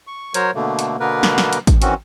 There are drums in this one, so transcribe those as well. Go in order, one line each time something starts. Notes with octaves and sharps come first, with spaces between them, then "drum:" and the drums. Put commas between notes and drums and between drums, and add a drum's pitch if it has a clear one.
C#6
F#3 A#4 C5 C#5, drum: hi-hat
B2 D3 A3 A#3
drum: hi-hat
B2 D3 A#3 B3 A#4 B4
drum: snare
drum: snare
drum: hi-hat
drum: kick A1, hi-hat
D#3 E3 C4 C#4 F#4, drum: hi-hat